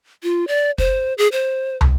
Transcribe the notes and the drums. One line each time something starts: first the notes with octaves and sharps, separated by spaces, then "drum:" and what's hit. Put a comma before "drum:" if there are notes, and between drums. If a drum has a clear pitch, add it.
F4
D5
C5, drum: kick
G#4
C5
drum: tom